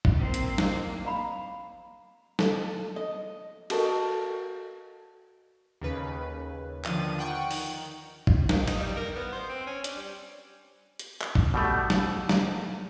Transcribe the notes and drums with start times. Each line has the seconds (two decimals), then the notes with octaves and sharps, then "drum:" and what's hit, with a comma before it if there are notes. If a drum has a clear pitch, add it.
0.05 drum: kick A1
0.17 A#3 C4
0.34 drum: hi-hat
0.58 A#3, drum: snare
1.05 F5 A#5 B5
2.39 A4, drum: snare
2.96 D#5
3.70 F#4 A4 A#4 D#5, drum: cymbal
5.81 D#2 C#3 B4
6.85 D3 D#3 F3 A6 D#7, drum: clap
7.19 F#5 G5 C#6
7.51 D#3, drum: open hi-hat
8.27 drum: kick A1
8.49 D#3, drum: snare
8.67 D#4, drum: cymbal
8.79 G3
8.96 A#4
9.16 B3
9.32 C5
9.49 C4
9.67 C#4
9.84 D4, drum: hi-hat
9.97 G3
10.99 drum: hi-hat
11.21 drum: clap
11.35 drum: kick A1
11.54 B2 G3 A3
11.90 drum: snare
12.29 drum: snare